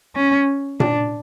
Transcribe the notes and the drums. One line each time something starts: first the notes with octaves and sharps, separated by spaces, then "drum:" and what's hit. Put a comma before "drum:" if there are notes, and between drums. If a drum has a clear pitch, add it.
C#4
D4, drum: tom A#2